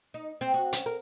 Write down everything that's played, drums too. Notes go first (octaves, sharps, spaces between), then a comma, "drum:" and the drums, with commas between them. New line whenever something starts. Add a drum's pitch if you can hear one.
D#4
C4
F#4
C#4, drum: hi-hat
A#4